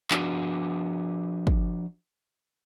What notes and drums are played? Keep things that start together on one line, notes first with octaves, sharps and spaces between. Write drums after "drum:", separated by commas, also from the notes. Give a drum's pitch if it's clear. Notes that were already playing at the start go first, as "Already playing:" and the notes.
F3 D4 F#4, drum: clap
drum: kick